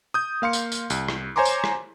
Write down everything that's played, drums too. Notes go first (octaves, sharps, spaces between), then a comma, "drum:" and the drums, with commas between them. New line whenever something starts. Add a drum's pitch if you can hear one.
D#6 G6
A#3 F5 C6 C#7
drum: tambourine
drum: tambourine
C2, drum: tambourine
drum: rim click
C5 C#5 G#5 A#5 C6 D6
drum: tambourine
drum: rim click